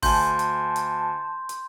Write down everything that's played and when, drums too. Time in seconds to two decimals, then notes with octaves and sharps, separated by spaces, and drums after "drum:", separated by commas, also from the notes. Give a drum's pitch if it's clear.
0.03 D2 G#5 A5 C6 G6, drum: kick G1, open hi-hat
0.39 drum: hi-hat
0.76 drum: hi-hat
1.49 drum: hi-hat